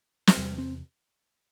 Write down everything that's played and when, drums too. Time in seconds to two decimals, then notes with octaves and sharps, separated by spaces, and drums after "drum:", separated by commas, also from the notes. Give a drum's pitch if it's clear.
0.27 drum: snare
0.37 E2 C3 G3
0.58 C4